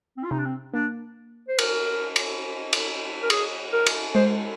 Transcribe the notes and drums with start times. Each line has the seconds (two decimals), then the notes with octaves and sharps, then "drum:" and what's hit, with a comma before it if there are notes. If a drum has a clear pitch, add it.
0.17 C4
0.25 F4
0.31 C3 D#4
0.38 D4
0.45 C4
0.73 A#3 D4
1.48 C5
1.58 A#4, drum: cymbal
2.16 drum: cymbal
2.73 drum: cymbal
3.23 A#4
3.30 G#4, drum: cymbal
3.72 A#4
3.86 drum: cymbal
4.15 G#3 C5